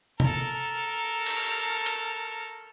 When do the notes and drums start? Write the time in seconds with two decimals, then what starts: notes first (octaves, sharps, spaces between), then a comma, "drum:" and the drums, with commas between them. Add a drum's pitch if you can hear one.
0.20 A4 A#4, drum: tom C3
1.26 drum: cymbal
1.86 drum: hi-hat